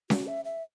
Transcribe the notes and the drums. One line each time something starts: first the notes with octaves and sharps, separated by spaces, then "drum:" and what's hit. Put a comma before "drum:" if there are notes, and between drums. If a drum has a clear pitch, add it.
F#4, drum: snare C#4
E5
E5